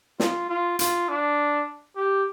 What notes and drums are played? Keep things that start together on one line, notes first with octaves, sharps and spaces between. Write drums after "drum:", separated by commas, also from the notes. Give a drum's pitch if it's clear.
F4, drum: snare
F4
F4, drum: hi-hat
D4
G4